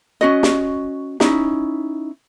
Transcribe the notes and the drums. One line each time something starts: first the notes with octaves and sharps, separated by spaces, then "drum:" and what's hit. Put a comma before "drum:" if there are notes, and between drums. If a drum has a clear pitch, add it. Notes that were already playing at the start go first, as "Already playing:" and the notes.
C#4 F#4 D#5
drum: snare
C#4 D#4 E4, drum: snare